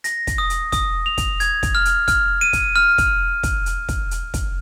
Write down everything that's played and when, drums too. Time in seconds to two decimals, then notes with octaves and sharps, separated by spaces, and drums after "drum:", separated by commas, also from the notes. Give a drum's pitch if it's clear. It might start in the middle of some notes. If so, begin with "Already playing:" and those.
0.04 A#6, drum: hi-hat
0.27 drum: kick, hi-hat
0.38 D#6
0.50 drum: hi-hat
0.72 D#6, drum: kick, hi-hat
1.06 F7
1.18 drum: kick, hi-hat
1.40 G#6, drum: hi-hat
1.63 drum: kick, hi-hat
1.75 F6
1.85 drum: hi-hat
2.08 F6, drum: kick, hi-hat
2.41 D#7
2.53 drum: kick, hi-hat
2.76 F6
2.98 drum: kick, hi-hat
3.43 drum: kick, hi-hat
3.66 drum: hi-hat
3.89 drum: kick, hi-hat
4.11 drum: hi-hat
4.34 drum: kick, hi-hat